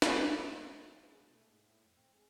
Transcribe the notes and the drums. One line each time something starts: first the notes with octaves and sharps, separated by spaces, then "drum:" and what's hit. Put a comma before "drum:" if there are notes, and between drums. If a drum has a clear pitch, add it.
drum: snare
C#4
D2
A#2
D#3
G#3
B2
A3
G#2
A2
F2
C4
G#3